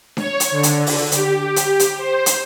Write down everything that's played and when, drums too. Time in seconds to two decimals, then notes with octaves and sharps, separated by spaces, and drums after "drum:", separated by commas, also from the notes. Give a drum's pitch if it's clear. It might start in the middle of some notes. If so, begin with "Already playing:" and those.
0.17 C#5, drum: snare D4
0.40 drum: hi-hat
0.51 D3
0.63 drum: hi-hat
0.86 drum: open hi-hat
1.12 G4, drum: hi-hat
1.56 drum: hi-hat
1.80 drum: hi-hat
1.98 C5
2.26 drum: hi-hat